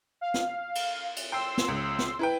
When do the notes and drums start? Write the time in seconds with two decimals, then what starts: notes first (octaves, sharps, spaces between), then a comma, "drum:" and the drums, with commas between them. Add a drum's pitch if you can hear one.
0.21 F5
0.34 drum: snare
0.75 drum: cymbal
1.16 drum: cymbal
1.32 G5 C6 E6
1.58 drum: snare
1.68 C#2
1.99 drum: snare
2.19 E4 B4 G5